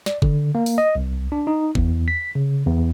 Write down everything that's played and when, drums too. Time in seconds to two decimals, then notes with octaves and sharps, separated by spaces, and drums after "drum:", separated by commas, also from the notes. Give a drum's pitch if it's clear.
0.06 D5, drum: snare
0.22 D3, drum: kick F#1
0.55 A#3
0.66 drum: open hi-hat
0.78 D#5
0.95 C2
1.32 D4
1.47 D#4
1.75 E2, drum: kick F#1
2.08 B6
2.35 C#3
2.66 E2